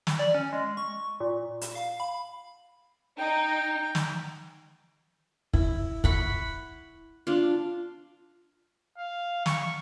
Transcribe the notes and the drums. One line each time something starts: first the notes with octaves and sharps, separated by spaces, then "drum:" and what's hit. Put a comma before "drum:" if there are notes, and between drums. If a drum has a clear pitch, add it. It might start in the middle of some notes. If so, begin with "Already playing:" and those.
drum: snare
D5
C#4
G#3
C#6
A#2
drum: hi-hat
F5
B5
D#4 G5
drum: snare
E4, drum: kick
F#5 B5 C#6, drum: kick
D4 F4
F5
C#6, drum: snare